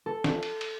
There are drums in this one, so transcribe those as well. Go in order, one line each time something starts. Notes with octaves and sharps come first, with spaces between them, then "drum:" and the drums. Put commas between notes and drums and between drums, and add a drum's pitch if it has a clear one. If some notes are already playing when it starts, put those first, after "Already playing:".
A4
drum: snare
drum: cymbal
drum: cymbal